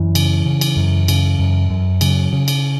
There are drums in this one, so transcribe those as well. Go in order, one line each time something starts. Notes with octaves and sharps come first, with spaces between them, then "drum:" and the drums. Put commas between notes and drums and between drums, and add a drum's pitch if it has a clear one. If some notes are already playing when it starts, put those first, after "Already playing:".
Already playing: F#2 E3
C#3, drum: cymbal
C#3
drum: cymbal
F#2
C#3, drum: cymbal
F#2
F#2
C#3 F#3, drum: cymbal
C#3
drum: cymbal